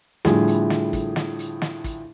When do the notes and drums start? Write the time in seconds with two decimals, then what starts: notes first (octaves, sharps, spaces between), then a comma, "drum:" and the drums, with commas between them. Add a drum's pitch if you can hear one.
0.25 A2 D3 F3 G3 E4 G#4, drum: snare
0.47 drum: hi-hat
0.70 drum: snare
0.93 drum: kick, hi-hat
1.16 drum: snare
1.39 drum: hi-hat
1.62 drum: snare
1.84 drum: kick, hi-hat